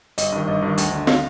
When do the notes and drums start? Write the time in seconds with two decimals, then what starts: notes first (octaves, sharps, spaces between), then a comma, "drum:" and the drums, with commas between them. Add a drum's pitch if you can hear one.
0.18 G1 D#5, drum: hi-hat
0.32 G2 D#3
0.47 G1 D#5
0.62 G2 D#3
0.78 D2, drum: hi-hat
0.92 D3
1.07 F5, drum: snare